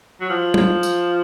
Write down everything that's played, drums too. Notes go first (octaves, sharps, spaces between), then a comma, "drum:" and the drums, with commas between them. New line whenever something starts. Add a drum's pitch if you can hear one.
F#3
F3
drum: tom F#3
drum: tambourine